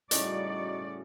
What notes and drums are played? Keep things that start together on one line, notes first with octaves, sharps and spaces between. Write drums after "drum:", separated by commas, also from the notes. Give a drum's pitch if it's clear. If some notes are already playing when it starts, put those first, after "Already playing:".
A2 C#3 G3 D#4 F#4 D5, drum: hi-hat